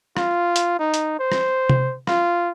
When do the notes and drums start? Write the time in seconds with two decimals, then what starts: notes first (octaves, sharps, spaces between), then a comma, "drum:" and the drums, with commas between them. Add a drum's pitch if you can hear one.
0.17 F4, drum: rim click
0.56 drum: hi-hat
0.79 D#4
0.94 drum: hi-hat
1.19 C5
1.32 drum: rim click
1.69 drum: tom C3
2.07 F4, drum: rim click